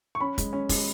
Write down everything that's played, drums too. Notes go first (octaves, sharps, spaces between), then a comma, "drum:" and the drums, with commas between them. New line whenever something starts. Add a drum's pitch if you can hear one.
C#6
C#4 B5
G#3, drum: kick, hi-hat
C#4
G#3, drum: kick, open hi-hat